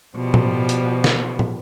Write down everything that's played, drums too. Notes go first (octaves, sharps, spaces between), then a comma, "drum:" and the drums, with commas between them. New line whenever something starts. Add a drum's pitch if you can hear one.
B2 F3 G3
drum: tom
drum: hi-hat
drum: snare
drum: tom